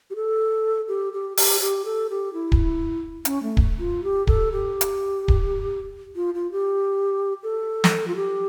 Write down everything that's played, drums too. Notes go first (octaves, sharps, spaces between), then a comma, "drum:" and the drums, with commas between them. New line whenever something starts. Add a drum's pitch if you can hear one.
G4
A4
G4
G4
G4, drum: open hi-hat
G4
A4
G4
E4
drum: kick D1
C#4, drum: hi-hat
A3
drum: kick D1
F4
G4
A4, drum: kick D1
G4
drum: hi-hat
drum: kick D1
F4
F4
G4
A4
drum: snare
F4
G4